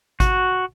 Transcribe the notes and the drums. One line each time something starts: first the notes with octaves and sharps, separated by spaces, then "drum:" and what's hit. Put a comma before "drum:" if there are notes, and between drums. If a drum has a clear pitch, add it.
F#4, drum: kick G#1, hi-hat